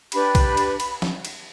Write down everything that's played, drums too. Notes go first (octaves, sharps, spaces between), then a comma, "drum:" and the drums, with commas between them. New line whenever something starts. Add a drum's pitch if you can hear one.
D4 G4 B4 B5, drum: cymbal
drum: kick B1, cymbal
drum: cymbal
drum: cymbal
drum: snare
drum: cymbal